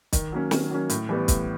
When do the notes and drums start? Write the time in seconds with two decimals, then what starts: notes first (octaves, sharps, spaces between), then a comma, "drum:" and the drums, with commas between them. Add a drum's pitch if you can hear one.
0.13 D#3, drum: kick, hi-hat
0.32 F#3 A#3 C#4
0.51 D#3, drum: snare
0.71 F#3 A#3 C#4
0.90 A2, drum: hi-hat
1.09 E3 G3 B3
1.28 A2, drum: kick, hi-hat